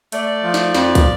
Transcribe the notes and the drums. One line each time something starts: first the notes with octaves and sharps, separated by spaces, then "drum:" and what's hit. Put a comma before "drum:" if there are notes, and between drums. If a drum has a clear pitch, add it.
A3 D5, drum: hi-hat
F3
drum: snare
F2, drum: snare
drum: kick, hi-hat